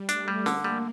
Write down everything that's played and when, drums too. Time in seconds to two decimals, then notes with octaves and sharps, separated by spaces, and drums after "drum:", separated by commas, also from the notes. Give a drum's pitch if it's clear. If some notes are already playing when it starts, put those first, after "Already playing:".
Already playing: G3
0.09 A3 D4, drum: hi-hat
0.28 G3
0.46 D3 A#3, drum: snare
0.64 G3